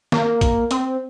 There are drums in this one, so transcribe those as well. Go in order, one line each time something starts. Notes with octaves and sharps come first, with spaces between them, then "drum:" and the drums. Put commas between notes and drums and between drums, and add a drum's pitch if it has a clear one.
A#3, drum: snare
drum: kick A#1, hi-hat
C4, drum: hi-hat